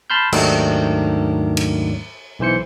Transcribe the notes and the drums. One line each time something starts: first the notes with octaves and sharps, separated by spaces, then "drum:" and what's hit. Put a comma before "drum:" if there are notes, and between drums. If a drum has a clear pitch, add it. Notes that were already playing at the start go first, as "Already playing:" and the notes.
A5 B5 C6 F6 G6
D#2 G#2 D#3 F#3 A3 D4, drum: cymbal
drum: cymbal
B1 E3 C5 C#7